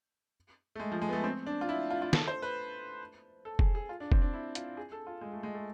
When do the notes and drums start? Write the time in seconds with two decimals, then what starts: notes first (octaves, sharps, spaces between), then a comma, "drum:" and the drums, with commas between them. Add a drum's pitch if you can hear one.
0.75 A3
0.80 G#3
0.92 F3
1.02 G#3
1.09 B3
1.13 A3
1.24 C4
1.47 D4
1.61 F4
1.69 E4
1.90 F4
2.02 F4
2.13 A4, drum: snare
2.28 C5
2.42 B4
3.45 A4
3.59 G#4, drum: kick
3.75 G#4
3.89 F4
4.00 D4
4.12 C4, drum: kick
4.22 D4
4.33 E4
4.55 F4, drum: hi-hat
4.77 G#4
4.92 A4
5.07 F4
5.21 G#3
5.33 A3
5.43 G#3
5.54 A3